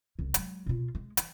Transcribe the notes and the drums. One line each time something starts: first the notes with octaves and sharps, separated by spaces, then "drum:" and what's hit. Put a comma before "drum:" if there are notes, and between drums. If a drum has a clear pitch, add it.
C2 C#3
F#3 G#3, drum: hi-hat
B2 F4
G#3
E3, drum: hi-hat